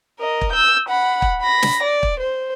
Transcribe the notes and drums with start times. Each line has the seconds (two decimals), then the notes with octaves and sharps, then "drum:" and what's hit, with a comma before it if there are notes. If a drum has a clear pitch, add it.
0.19 A#4 D#5
0.41 drum: kick
0.53 E6 G6
0.89 F#5 B5
1.22 drum: kick
1.42 B5 A#6
1.62 drum: snare
1.83 D5
2.03 drum: kick
2.20 C5